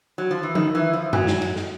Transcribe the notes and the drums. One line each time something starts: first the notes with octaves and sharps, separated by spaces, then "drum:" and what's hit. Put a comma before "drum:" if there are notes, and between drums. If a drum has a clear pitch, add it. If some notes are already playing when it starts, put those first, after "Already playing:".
F#3
F3
E3
D#3, drum: tom F3
E3
F3
F#3, drum: tom F#2
drum: snare
drum: cymbal
drum: snare